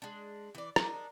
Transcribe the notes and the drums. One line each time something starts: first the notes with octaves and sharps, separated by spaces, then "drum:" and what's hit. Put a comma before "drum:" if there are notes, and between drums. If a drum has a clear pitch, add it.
G#3 D4
E3 D5
D4 D#4 A#4, drum: rim click